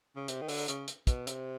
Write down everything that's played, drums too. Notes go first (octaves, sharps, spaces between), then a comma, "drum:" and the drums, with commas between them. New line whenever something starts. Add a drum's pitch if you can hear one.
C#3
C3, drum: hi-hat
D#3
D3, drum: open hi-hat
C#3, drum: hi-hat
drum: hi-hat
B2, drum: kick, hi-hat
C3, drum: hi-hat